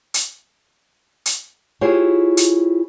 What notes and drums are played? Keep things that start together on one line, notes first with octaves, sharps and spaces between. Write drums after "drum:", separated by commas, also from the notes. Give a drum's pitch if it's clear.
drum: hi-hat
drum: hi-hat
E4 F4 G4 G#4 C5 C#5
drum: hi-hat